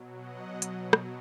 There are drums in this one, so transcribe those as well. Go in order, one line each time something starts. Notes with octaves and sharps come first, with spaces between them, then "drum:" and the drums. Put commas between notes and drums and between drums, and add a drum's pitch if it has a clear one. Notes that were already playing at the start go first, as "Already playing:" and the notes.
Already playing: B2 F#3
D#5 F#5
drum: hi-hat
drum: rim click